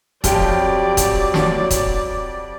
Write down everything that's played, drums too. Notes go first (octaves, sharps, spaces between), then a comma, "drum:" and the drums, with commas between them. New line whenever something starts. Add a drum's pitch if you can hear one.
F2 F#3 F4 G4 D5 G5, drum: kick D#1, hi-hat
drum: kick D#1, hi-hat
drum: snare
drum: kick D#1, hi-hat